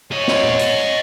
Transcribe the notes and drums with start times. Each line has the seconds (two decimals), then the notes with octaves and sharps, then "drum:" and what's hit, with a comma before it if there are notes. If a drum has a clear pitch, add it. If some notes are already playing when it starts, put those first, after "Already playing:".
0.12 C5 C#5 D#5
0.28 drum: snare
0.43 drum: tom A#2
0.59 drum: hi-hat